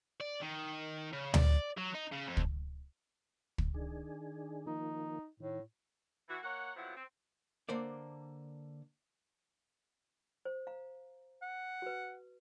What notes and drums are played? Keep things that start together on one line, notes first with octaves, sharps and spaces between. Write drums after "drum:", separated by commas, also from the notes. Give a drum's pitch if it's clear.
D5
D#3
C#3
D5, drum: tom D2
F#3
D#4
C#3
F2
drum: kick
drum: kick
D#3 D4 G#4
D#3 F3 A#3 D#4
A2 D#3
E3 F#4
A#3 A#4 C#5 F#5
F2 B2 F3 F#3 E4 F#5
C4
D3 A#3 C5 D5
C5
F5 A#5
F#5
F#4 B4